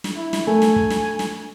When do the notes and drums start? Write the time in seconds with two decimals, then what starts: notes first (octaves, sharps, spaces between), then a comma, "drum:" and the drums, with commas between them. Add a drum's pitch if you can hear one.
0.04 drum: snare
0.16 E4
0.33 drum: snare
0.47 A3 G#5
0.62 drum: snare
0.76 drum: kick
0.90 drum: snare
1.19 drum: snare